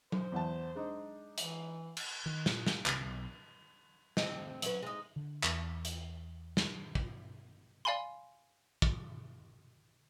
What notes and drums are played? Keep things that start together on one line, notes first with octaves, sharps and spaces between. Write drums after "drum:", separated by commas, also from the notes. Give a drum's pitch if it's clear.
C5, drum: tom F#3
E2 F#5 A5
G#3 D4 D#4
E3, drum: hi-hat
drum: cymbal
D#3
A#2, drum: snare
A#3, drum: snare
C2, drum: clap
B1
D2 C4 D#5, drum: snare
F#3 C#4 B4, drum: hi-hat
G#3 D#4
D3
E2, drum: clap
drum: hi-hat
drum: snare
drum: kick
D5 F5 G#5 B5 C6
drum: kick